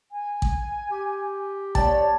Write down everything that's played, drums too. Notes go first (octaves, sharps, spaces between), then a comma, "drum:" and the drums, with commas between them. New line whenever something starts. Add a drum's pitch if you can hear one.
G#5
drum: kick A1
G4
D#2 C#5 D5 G5 A5, drum: kick A1